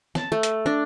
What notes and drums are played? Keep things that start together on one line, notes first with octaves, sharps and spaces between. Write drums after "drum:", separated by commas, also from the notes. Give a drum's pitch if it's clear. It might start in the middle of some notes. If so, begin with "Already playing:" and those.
A5, drum: snare
A3
drum: hi-hat
D4